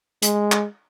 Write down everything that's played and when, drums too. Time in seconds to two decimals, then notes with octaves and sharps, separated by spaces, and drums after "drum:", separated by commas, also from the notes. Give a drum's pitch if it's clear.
0.22 G#3, drum: hi-hat
0.52 drum: clap